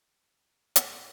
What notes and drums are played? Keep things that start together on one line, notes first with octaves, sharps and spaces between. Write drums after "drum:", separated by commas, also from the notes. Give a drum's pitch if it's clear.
A2, drum: hi-hat